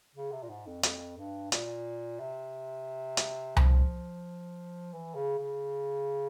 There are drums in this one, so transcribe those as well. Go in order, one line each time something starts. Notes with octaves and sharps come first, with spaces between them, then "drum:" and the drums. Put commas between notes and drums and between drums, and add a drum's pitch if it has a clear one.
C#3
C3
A#2
G#2
F2
F2, drum: hi-hat
G2
A#2, drum: hi-hat
C3
drum: hi-hat
F3, drum: tom C2
E3
C#3
C#3